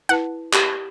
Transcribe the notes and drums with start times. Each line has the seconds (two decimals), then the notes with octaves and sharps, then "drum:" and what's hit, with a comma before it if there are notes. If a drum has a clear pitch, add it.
0.09 E4 B4 F#5 A5
0.53 G4, drum: clap